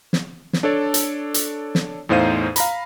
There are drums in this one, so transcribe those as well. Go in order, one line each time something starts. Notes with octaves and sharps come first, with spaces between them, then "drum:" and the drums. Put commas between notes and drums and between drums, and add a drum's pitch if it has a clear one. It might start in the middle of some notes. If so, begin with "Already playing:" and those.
drum: snare
drum: snare
D4 A4 C#5 D5
drum: hi-hat
drum: hi-hat
drum: snare
E2 A2 D#4 C5 F5 D#7
F5 A#5 B5, drum: hi-hat